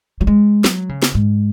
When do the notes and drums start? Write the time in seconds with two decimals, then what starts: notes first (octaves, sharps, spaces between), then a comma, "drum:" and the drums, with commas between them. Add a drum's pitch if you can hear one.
0.21 F#3
0.27 G#3
0.64 F#3, drum: snare
0.89 C#3
1.03 drum: snare
1.15 G#2